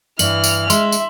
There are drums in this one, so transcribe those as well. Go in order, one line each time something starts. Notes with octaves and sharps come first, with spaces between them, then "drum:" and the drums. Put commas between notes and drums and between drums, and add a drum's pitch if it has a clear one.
G2 E3 F6 F#7, drum: tambourine
drum: tambourine
G#3 E5 C6, drum: tambourine
drum: tambourine